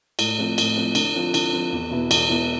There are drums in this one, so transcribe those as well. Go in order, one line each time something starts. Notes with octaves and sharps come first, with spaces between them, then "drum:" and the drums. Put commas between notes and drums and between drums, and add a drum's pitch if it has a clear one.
A2, drum: cymbal
F3 A3 C4
A2, drum: cymbal
F3 A3 C4
D3, drum: cymbal
F3 C4 F4
D3, drum: cymbal
F3 C4 F4
E2
B2 B3 E4
E2, drum: cymbal
B2 B3 E4